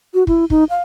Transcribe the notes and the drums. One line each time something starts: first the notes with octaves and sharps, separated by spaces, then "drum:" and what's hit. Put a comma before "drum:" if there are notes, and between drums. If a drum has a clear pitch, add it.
F#4
E4, drum: kick
D#4, drum: kick
F5